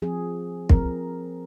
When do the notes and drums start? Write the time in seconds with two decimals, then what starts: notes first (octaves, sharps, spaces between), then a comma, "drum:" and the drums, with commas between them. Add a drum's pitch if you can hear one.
0.02 F3 C4 G#4
0.69 F3 C4 A#4, drum: kick